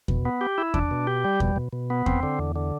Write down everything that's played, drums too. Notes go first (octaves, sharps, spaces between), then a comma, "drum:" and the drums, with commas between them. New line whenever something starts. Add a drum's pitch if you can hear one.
B2, drum: kick E2
B3
G4
E4
D4, drum: kick E2
B2
G4
G3
B2, drum: kick E2
B2
B2
B3
C4, drum: kick E2
D3
E2
D3